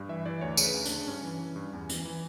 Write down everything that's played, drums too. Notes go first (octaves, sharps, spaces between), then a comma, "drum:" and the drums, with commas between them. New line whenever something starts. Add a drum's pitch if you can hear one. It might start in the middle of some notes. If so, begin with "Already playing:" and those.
Already playing: G2
E3 E5
E3 D5
D2 C#5
C#3, drum: tambourine
B4
D2
D4, drum: hi-hat
C#3
D4
G2 C#4
E3
E3
G2
E2
E3, drum: hi-hat
E3